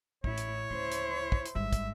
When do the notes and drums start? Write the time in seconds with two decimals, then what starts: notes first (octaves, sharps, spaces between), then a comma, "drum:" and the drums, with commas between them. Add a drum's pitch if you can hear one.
0.24 A1 A2 E4 C#5, drum: kick
0.38 drum: hi-hat
0.70 D2 C#3 E4 C5
0.92 drum: hi-hat
1.32 drum: kick
1.46 drum: hi-hat
1.55 G#1 G2 G#3 E5
1.73 drum: kick, hi-hat